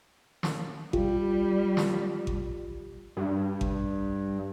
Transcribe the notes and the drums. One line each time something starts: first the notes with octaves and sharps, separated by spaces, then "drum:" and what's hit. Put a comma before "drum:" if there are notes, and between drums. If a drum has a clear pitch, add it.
drum: snare
G3 F4 G4, drum: kick G#1
drum: snare
drum: kick G#1
G2
drum: kick G#1